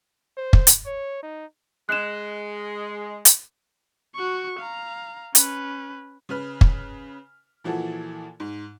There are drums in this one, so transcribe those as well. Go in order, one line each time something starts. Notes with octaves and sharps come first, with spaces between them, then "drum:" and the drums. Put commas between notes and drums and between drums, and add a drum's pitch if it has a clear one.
C5
drum: kick
drum: hi-hat
C#5
D#4
G#3 F#6 E7
drum: hi-hat
F#4 C#6
F5 A#5
C#4 B4, drum: hi-hat
C#3 B4 F6
drum: kick
A#2 E3 F3 F#4 A4
G#2